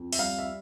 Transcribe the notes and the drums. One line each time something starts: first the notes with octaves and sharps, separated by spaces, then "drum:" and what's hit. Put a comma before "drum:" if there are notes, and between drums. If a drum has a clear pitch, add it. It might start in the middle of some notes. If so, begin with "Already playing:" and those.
Already playing: F2
E5, drum: open hi-hat
G3 F5
E5